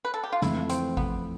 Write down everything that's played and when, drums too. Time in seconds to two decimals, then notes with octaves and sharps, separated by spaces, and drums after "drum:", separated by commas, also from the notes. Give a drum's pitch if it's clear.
0.05 B4
0.14 A4
0.24 G4
0.32 F4
0.42 F2 E3 A3 E4, drum: snare
0.70 C4, drum: hi-hat
0.97 B3, drum: kick G#1